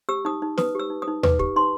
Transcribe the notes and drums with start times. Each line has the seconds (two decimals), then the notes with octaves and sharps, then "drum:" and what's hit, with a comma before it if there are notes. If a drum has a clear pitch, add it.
0.09 G4 E6
0.25 D#4 D#6
0.42 D#4
0.58 B4 D#6, drum: snare
0.75 G4 E6
0.90 D#4
1.02 D#6
1.08 D#4
1.23 B4 D6, drum: tom D#2
1.39 G4, drum: kick
1.56 D#4 C6